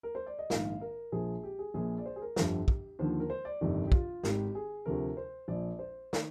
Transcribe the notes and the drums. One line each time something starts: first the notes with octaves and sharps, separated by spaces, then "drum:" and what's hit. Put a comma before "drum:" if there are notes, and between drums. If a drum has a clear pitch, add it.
A#4
C5
D5
D#5
A#1 G#2 D#3 F5, drum: snare
A#4
A#1 A#2 F3 G#4
G4
G#4
A#1 A#2 F3 G#4
D5
C5
G#4
A#4
G1 F2 D3 F3 G4, drum: snare
drum: kick
D#2 D3 F3 C5
A#4
C5
D5
G1 F2 C3 D#3
G4
F4, drum: kick
G#1 G#2 D#3 G4, drum: snare
G#4
D2 C3 F3 A#4
C5
A#1 A#2 F3 D5
C5
D#3, drum: snare